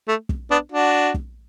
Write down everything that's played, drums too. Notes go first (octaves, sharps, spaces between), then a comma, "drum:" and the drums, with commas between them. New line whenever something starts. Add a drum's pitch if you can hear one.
A3
drum: kick
B3 D4
D4 F#4
drum: kick